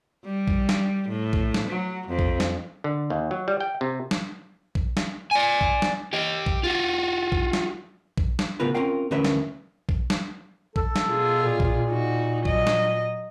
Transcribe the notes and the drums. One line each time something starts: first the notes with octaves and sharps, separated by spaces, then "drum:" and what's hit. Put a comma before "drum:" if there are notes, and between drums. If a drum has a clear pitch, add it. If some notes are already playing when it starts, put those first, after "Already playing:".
G3
drum: kick
drum: snare
A2
drum: kick
drum: snare
F#3
F2
drum: kick
drum: snare
D3
D#2
F#3
G3
G5
C3
drum: snare
drum: kick
drum: snare
D5 G#5
drum: kick
drum: snare
G4 D#5
drum: kick
F4 F#4
drum: kick
drum: snare
drum: kick
drum: snare
A2 C#3 B3 F4 A#4 B4
C4 C#4 F4 A#4 F5 G5
D2 E3 C#4 A#4 B4 E5
drum: snare
drum: kick
drum: snare
A4, drum: kick
drum: snare
B2 F4 G#4
A#2
drum: kick
D#4 F#4
F#3 D#5, drum: kick
drum: snare